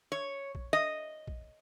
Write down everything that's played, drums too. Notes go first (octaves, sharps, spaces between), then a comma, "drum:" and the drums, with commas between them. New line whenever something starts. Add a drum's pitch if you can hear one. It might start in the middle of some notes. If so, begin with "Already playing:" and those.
C#5
drum: kick
D#5
drum: kick